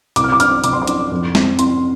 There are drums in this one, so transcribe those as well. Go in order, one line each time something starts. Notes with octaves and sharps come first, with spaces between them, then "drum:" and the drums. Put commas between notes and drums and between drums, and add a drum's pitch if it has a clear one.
C2 D6, drum: hi-hat
F6
D6
D4 F6, drum: hi-hat
C3 D6, drum: hi-hat
C6
D6
D4, drum: hi-hat
F2
C4, drum: snare
C4 C6, drum: hi-hat